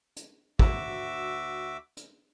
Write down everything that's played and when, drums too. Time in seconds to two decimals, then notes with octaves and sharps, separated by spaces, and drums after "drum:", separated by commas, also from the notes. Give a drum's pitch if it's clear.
0.16 drum: hi-hat
0.59 D2 F#4 E5 D6 E6, drum: kick
1.97 drum: hi-hat